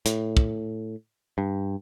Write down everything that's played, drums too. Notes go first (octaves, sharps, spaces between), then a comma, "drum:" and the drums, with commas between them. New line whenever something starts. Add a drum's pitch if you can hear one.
A2, drum: hi-hat
drum: kick
G2